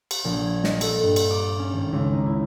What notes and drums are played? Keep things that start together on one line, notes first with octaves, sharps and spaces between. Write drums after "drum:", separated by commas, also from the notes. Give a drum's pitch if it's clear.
drum: cymbal
A#1
G#6
D#5, drum: snare
A4, drum: cymbal
G2
drum: cymbal
D6
C#4
G#1
C#2
D#4
E4